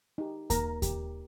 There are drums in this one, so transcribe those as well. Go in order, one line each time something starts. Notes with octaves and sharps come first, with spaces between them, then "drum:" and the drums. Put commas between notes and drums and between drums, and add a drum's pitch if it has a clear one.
D#4 G4
A#3 A#4 A#5, drum: kick D#2, hi-hat
G4, drum: kick D#2, hi-hat